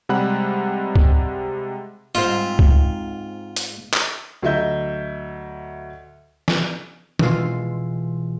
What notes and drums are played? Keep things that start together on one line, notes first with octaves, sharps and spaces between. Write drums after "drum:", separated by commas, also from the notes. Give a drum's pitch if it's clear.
C3 G3 G#3 F#5 B5 F#6
drum: kick C#2
G#2 C4 F4
drum: kick C#2
drum: hi-hat
drum: clap
D2 F#3 D#5 E5 G6
drum: snare
B2 E3 G#3 E4 F4 C6, drum: tom